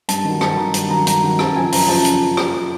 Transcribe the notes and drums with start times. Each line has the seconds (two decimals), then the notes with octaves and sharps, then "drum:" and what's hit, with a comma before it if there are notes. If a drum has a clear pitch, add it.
0.09 G2 A5, drum: hi-hat
0.25 D#3 F#3
0.41 G2 A5, drum: rim click
0.58 D#3 F#3 A#5
0.74 G2 A5, drum: hi-hat
0.90 D#3 F#3 A#5
1.07 G2 A#5, drum: hi-hat
1.24 D#3 F#3
1.39 F#2 A5, drum: rim click
1.55 C#3 F3 G#5
1.72 F#2 A#5, drum: open hi-hat
1.88 C#3 F3 A5
2.05 drum: hi-hat
2.37 drum: rim click